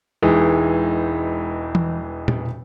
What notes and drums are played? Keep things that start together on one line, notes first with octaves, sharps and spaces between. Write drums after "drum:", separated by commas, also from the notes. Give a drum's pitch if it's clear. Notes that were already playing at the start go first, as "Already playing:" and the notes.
E1 E3 G#3 D#4
drum: tom E3
drum: tom A#2